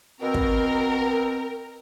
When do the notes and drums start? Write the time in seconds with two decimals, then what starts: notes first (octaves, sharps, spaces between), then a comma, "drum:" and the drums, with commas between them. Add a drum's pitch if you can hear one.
0.22 B2 C4 A#4
0.34 drum: kick